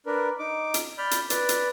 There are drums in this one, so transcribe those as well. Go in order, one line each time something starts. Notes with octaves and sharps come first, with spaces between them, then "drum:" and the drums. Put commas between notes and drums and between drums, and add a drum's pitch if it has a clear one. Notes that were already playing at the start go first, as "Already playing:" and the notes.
D4 A#4 B4
D#4 D6
drum: hi-hat
D5 B5 F6 G6
drum: hi-hat
B4 D5, drum: hi-hat
drum: hi-hat